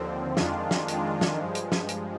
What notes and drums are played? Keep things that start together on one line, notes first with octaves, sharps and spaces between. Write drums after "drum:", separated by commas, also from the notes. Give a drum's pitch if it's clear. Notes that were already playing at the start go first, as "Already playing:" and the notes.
Already playing: D#2 D3 F3 C4
F2 D#3 G#3 D4 F4, drum: snare
drum: snare
F2 D#3 G#3 D4 F4, drum: hi-hat
drum: snare
G2 F3 G#3
drum: hi-hat
drum: snare
drum: hi-hat